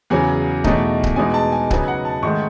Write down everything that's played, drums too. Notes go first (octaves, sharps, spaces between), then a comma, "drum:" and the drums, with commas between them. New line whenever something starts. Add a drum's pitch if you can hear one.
E2 C#3 F#3 C#4 G#5
E2 B2 A3 D#4, drum: kick C#1
drum: kick C#1
E2 B2 G#3 D#4 G#5
A5
G#5
C#3 F#3 B3 D#4 G#5, drum: kick C#1
F#5
A5
G#2 D#3 A3 C#4 C#6